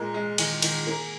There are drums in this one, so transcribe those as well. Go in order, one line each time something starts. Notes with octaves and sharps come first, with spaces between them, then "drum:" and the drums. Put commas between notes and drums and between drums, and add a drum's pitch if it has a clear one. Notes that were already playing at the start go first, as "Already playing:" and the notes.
Already playing: A#2 G#3 A#4
G#3
D#3 G#4, drum: cymbal
D#3, drum: cymbal
A#3